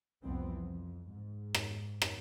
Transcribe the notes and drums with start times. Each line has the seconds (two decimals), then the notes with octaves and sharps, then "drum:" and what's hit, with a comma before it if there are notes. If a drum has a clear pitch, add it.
0.24 C2 F2 E3 B3 C4
0.60 F2
1.11 G#2
1.54 drum: rim click
2.02 drum: rim click